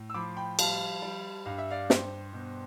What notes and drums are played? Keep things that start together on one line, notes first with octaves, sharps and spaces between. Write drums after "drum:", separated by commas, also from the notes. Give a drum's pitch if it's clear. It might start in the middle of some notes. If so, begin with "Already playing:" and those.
Already playing: A2
E6
F3 B5 D6
G5 B5
G3 F5 A5, drum: cymbal
G3
G2 F5
E5
D5 F5
G2 C5, drum: snare
B2